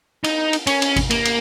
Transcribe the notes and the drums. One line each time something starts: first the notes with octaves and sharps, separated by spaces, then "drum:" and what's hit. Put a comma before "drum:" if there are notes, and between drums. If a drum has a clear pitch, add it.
D#4, drum: cymbal
drum: cymbal
C#4, drum: cymbal
drum: cymbal
drum: kick G#1, cymbal
A#3, drum: cymbal
drum: cymbal